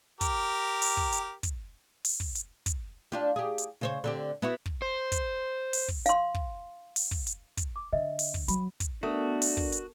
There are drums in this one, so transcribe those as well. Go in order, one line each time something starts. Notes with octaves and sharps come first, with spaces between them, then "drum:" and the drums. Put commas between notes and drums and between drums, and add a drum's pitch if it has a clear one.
G4 A#4, drum: kick, hi-hat
drum: open hi-hat
drum: kick
drum: hi-hat
drum: kick, hi-hat
drum: open hi-hat
drum: kick
drum: hi-hat
drum: kick, hi-hat
D4 F4 G4
G4 G#4
drum: hi-hat
C#3 C5 C#5
D3 C4 G4
B3 E4 F#4
drum: kick
C5
drum: kick, hi-hat
drum: open hi-hat
drum: kick
F5 C6, drum: hi-hat
drum: kick
drum: open hi-hat
drum: kick
drum: hi-hat
drum: kick, hi-hat
D6
D3 D#5 E5
drum: open hi-hat
drum: kick
F#3 B5, drum: hi-hat
drum: kick, hi-hat
A3 B3 D4 F#4 A#4 D#6
drum: open hi-hat
drum: kick
drum: hi-hat